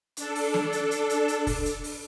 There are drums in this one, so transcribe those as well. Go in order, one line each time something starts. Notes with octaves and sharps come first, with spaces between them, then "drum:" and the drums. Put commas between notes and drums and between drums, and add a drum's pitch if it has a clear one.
D4 A4, drum: hi-hat
drum: open hi-hat
drum: snare
drum: hi-hat
drum: hi-hat
drum: hi-hat
drum: hi-hat
drum: kick, open hi-hat
drum: hi-hat
drum: open hi-hat